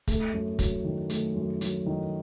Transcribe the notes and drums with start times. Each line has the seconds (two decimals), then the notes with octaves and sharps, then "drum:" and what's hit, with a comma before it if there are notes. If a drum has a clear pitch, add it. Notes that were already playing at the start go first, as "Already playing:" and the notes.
0.08 A3, drum: kick, hi-hat
0.34 F#2
0.59 F#3, drum: kick, hi-hat
0.84 D#3
1.10 A3, drum: hi-hat
1.35 F#2
1.61 F#3, drum: hi-hat
1.86 D#3